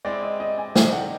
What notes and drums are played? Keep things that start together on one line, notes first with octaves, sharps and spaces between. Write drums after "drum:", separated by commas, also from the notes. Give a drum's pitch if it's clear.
G#3 C4 E4 D5
D#5
D#5
G#5
C3 D#3 G3 G5, drum: snare
F#5